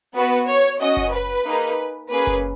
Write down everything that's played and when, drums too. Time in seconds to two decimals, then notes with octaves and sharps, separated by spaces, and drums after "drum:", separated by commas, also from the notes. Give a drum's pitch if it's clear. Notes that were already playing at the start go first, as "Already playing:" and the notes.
0.15 B3 F#4 B4
0.48 C#5
0.80 C#4 F#4 D#5
0.97 drum: kick F#1
1.12 B4
1.46 A#3 D#4 G#4
2.11 A#3 C#4 G#4 B4
2.27 drum: kick F#1